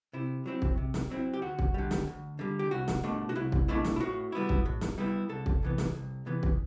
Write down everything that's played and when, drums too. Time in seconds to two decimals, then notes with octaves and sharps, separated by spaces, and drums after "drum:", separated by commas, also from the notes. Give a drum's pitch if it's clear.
0.13 C3 E4
0.46 F#3 C4 E4
0.62 drum: kick
0.78 C3
0.94 drum: snare
1.10 F#3 C4 E4
1.34 G4
1.42 D2 F#4
1.59 drum: kick
1.74 D3 G3
1.91 drum: snare
2.07 D2
2.39 D3 G3
2.59 G4
2.71 C2 F#4
2.88 drum: snare
3.03 B2 A3 D4
3.29 F#4
3.35 C2 E4
3.52 drum: kick
3.68 B2 A3 D4 E4
3.85 drum: snare
3.96 E4
4.00 A2 F#4
4.32 G3 B3 E4
4.49 drum: kick
4.66 A2
4.81 drum: snare
4.98 G3 B3 E4
5.29 C2 A4
5.46 drum: kick
5.63 C3 E3 B3
5.78 drum: snare
5.95 C2
6.26 C3 E3 B3
6.43 drum: kick